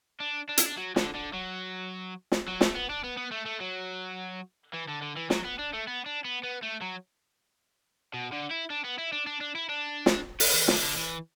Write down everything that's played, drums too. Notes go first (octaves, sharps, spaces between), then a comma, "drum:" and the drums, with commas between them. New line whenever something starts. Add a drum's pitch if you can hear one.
D4
D4
E4, drum: hi-hat
D4
F#3
D3, drum: snare
D3
F#3
drum: snare
F#3
A3, drum: snare
B3
D4
B3
B3
A3
A3
F#3
E3
D3
D3
E3
F#3, drum: snare
B3
D4
A3
B3
D4
B3
B3
A3
F#3
B2
D3
E4
D4
B3
E4
D4
D4
D4
E4
D4
drum: snare
B3, drum: open hi-hat
E3
D3, drum: snare
E3
D3
E3